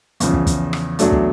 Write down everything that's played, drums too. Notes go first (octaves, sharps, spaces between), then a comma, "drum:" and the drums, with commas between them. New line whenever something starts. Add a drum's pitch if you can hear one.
E2 C#3 F3, drum: hi-hat
drum: kick
drum: kick, hi-hat
drum: rim click
E2 B2 F#3 A3 D4, drum: hi-hat
drum: kick